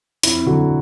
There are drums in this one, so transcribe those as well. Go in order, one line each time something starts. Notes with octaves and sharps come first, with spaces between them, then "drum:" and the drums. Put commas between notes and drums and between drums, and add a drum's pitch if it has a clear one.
F2 E4, drum: hi-hat
D3 F#3 F#4